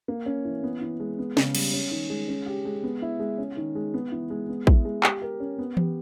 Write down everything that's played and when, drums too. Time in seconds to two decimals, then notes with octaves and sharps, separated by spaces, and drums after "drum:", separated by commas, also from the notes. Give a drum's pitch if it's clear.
0.08 A#3
0.26 C#4
0.45 E3
0.63 B3
0.81 E3
1.00 G#3
1.19 B3
1.37 C#3, drum: snare
1.55 G3, drum: cymbal
1.73 C#4
1.91 D#3
2.10 G#3
2.28 C#4
2.46 G4
2.65 G#3
2.83 B3
3.02 E4
3.19 G#3
3.38 C#4
3.57 D#3
3.75 G#3
3.94 B3
4.12 E3
4.30 G#3
4.48 B3
4.67 E4, drum: kick A1
4.85 G#3
5.03 G4, drum: clap
5.22 A#4
5.40 C#4
5.58 B3
5.77 G4, drum: tom E3